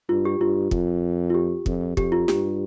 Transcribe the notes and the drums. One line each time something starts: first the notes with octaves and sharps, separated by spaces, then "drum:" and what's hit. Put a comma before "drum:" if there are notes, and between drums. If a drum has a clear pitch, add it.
G2 F4
G4
G2 F4
F2, drum: kick
F4
G4
F2, drum: kick
F2 G4, drum: kick
F4
G2 G4, drum: snare